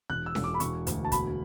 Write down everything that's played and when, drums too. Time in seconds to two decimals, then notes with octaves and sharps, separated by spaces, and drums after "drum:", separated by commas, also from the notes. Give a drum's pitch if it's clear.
0.10 E1 F#6
0.26 E6
0.35 E1, drum: snare C#4
0.44 D6
0.54 B5
0.60 E1 C#6, drum: hi-hat
0.87 D2, drum: hi-hat
1.05 A5
1.12 B2 B5, drum: kick, hi-hat